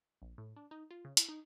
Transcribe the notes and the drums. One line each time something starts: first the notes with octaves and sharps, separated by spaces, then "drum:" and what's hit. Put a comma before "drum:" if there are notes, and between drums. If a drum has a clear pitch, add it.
A#1
A2
D4
D#4
F4
C#3
E4, drum: hi-hat
D#4